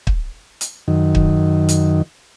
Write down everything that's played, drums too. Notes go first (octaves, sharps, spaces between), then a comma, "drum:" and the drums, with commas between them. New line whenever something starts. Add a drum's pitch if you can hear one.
drum: kick
drum: hi-hat
F#2 D#3
drum: kick
drum: hi-hat